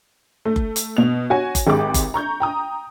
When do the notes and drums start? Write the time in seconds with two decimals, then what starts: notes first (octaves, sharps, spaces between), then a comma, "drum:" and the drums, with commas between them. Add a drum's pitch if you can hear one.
0.45 A3
0.56 drum: kick F#1
0.76 drum: hi-hat
0.97 B2 F7
1.30 F#4 C#5 G#5
1.55 drum: kick F#1, hi-hat
1.67 G#1 G#3 G4 D6
1.94 drum: kick F#1, hi-hat
2.14 A#5 C#6 G6
2.40 G5 A#5 D#6